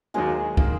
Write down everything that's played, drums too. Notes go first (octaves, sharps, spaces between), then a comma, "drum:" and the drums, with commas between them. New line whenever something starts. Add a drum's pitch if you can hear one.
D#2 D#3 F#3 G#3 A#3 G#4
D#3 A#3, drum: kick